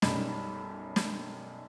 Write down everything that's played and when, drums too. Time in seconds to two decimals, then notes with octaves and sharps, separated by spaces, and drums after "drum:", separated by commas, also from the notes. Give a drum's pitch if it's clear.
0.02 B1 F#2 G3 D#4 B5 E7, drum: snare
0.96 drum: snare